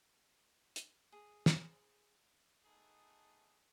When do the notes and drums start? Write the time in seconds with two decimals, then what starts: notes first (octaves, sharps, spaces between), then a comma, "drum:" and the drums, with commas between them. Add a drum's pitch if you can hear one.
0.76 drum: hi-hat
1.12 G#4
1.46 drum: snare
2.66 A3 B3 D#4 G#4 A4